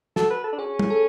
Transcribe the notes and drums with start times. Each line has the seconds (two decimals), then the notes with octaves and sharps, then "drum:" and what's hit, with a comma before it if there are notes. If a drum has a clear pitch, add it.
0.16 F#4 A4, drum: snare
0.30 B4
0.44 A4
0.53 D4
0.59 C#4 G#4
0.79 drum: tom
0.90 A4